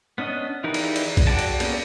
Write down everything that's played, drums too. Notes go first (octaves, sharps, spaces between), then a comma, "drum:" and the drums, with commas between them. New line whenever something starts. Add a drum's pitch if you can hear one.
B3 C#4 D4 D#5
E3 D#4 G4 A#4 B4
drum: cymbal
drum: cymbal
drum: kick B1, cymbal
F#4 D5 G5 A5
drum: cymbal
A#3 B3 C#4 G4 A4, drum: cymbal